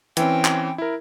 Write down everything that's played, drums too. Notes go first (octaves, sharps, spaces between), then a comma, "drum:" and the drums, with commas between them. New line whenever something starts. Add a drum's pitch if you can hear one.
E3 C4 C#4 G5, drum: hi-hat
drum: clap
E4 A#4